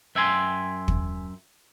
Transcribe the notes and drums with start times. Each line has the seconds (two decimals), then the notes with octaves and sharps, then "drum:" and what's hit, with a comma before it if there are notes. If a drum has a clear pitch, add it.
0.15 F#2 E5 G5 G#5 C6
0.88 drum: kick